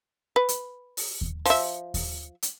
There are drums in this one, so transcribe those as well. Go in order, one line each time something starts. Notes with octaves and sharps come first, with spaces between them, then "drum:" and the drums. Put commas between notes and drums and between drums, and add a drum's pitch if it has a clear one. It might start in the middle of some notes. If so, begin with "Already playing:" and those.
B4
drum: hi-hat
drum: open hi-hat
drum: kick D#2
F3 E5, drum: open hi-hat
drum: kick D#2, open hi-hat
drum: hi-hat